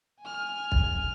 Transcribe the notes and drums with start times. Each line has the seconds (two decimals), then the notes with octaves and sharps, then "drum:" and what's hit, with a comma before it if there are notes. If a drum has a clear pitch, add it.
0.21 G#5 F6
0.72 drum: kick